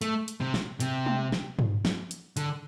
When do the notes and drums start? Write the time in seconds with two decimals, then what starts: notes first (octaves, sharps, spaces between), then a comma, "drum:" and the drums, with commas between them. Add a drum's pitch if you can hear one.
0.01 A3, drum: hi-hat
0.28 drum: hi-hat
0.41 C3
0.54 drum: snare
0.80 C3, drum: hi-hat
1.06 drum: tom
1.32 drum: snare
1.59 drum: tom
1.85 drum: snare
2.11 drum: hi-hat
2.37 D3, drum: hi-hat